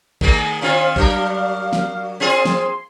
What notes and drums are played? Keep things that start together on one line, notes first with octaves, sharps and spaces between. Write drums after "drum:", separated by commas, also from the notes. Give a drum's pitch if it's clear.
D#3 A3 G#4, drum: kick A1
D#3 C4 F4 F5
F#3 D4 A#4, drum: kick A1
drum: snare
C4 F4 G#4 C6
drum: open hi-hat
drum: snare